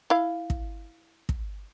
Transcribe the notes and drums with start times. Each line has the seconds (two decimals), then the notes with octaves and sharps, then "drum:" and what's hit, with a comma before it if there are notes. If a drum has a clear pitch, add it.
0.10 E4 F5
0.50 drum: kick
1.29 drum: kick